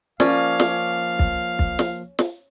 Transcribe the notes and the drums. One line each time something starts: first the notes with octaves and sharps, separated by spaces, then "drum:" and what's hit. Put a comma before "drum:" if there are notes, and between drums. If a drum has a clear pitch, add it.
F3 A#3 C#4 D5 F5, drum: snare
drum: snare
drum: kick
drum: kick
drum: snare
drum: snare